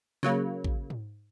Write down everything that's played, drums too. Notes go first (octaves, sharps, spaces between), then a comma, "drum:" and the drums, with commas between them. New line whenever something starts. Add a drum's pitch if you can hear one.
C#3 F#3 A#3, drum: snare
drum: kick
drum: tom G#2